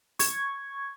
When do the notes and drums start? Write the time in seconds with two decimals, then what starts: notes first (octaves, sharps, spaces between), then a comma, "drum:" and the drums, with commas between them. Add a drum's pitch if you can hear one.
0.19 C#6 G#6, drum: open hi-hat